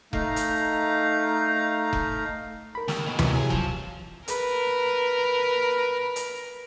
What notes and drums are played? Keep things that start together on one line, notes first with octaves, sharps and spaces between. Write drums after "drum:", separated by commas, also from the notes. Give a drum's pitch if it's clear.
A3 D#4 F5 A#5, drum: kick F1
drum: hi-hat
drum: kick F1
A#4 B5
D#2, drum: snare
D2 B2
C3 E3 F#3, drum: tom D2
G#4
F3, drum: kick F1
A#4 B4, drum: hi-hat
drum: hi-hat